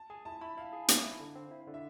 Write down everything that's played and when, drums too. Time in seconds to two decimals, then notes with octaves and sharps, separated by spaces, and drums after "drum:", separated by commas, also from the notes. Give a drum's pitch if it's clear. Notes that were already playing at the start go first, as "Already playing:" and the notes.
Already playing: A5
0.10 G#4 G#5
0.25 E4 A5
0.41 E4 B5
0.57 E4 F5
0.73 G#4
0.88 E4, drum: hi-hat
1.04 E4
1.20 D3
1.35 C4
1.51 E4
1.67 D3
1.74 E5